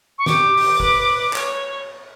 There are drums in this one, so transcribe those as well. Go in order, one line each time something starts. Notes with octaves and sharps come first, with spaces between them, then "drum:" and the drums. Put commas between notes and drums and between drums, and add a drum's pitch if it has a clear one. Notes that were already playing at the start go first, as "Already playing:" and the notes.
C#6
G4 D6, drum: snare
drum: open hi-hat
B4, drum: kick F#1
C#5, drum: clap